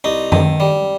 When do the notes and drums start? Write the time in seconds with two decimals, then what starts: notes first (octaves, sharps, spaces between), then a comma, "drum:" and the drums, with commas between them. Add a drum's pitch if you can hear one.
0.04 C2 D#4
0.32 D#3, drum: tom F#2
0.60 G3